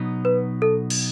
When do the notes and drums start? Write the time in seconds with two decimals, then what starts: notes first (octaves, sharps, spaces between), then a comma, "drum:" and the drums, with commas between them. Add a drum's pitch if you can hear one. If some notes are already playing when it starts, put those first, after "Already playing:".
Already playing: B2 F#3 B3 D#4
0.25 B4
0.62 A4
0.90 drum: cymbal